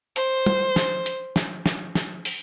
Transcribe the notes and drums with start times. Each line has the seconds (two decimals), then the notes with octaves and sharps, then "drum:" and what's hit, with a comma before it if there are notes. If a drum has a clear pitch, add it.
0.16 C5, drum: hi-hat
0.46 drum: tom
0.76 drum: snare
1.06 drum: hi-hat
1.36 drum: snare
1.66 drum: snare
1.95 drum: snare
2.25 drum: open hi-hat